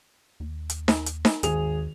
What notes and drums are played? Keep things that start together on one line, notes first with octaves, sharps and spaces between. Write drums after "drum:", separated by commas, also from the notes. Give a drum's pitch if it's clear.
D#2
drum: hi-hat
drum: snare D#4
drum: hi-hat
drum: snare D#4
G#1 D#2 G#4 F7, drum: hi-hat